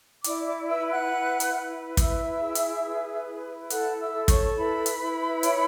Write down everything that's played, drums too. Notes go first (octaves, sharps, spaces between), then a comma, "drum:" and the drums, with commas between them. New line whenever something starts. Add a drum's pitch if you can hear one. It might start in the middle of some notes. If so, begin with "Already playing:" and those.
E4 D5 D6, drum: hi-hat
D5 D6
B4 E5 E6
F#5 F#6
E4
drum: hi-hat
B4
E4 E5 E6, drum: kick, hi-hat
G#4
drum: hi-hat
B4
E4
A4 F#5 F#6, drum: hi-hat
E5 E6
A4
C#5 C#6, drum: kick, hi-hat
E4 B4 B5
drum: hi-hat
E4
C#5, drum: hi-hat